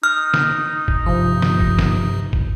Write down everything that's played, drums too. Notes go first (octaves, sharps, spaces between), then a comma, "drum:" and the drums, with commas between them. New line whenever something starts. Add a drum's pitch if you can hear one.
D#4 F6
drum: snare
drum: kick
G2 C3 F3
drum: snare
drum: kick
drum: snare
drum: kick